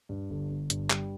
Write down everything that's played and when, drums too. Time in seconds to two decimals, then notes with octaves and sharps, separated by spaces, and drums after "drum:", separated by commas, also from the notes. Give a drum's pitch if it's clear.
0.09 G2
0.30 G1
0.50 G1
0.70 G2, drum: hi-hat
0.90 G3, drum: clap